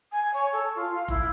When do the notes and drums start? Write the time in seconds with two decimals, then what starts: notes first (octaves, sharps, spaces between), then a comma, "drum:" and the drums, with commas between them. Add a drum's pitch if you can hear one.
0.11 G#5
0.33 C#5
0.52 A4
0.75 F4
0.94 F5
1.08 E4, drum: kick F1